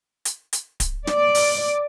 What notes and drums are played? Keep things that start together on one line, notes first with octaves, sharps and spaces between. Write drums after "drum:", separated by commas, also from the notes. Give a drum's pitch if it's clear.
drum: hi-hat
drum: hi-hat
drum: kick D1, hi-hat
D5, drum: snare
drum: open hi-hat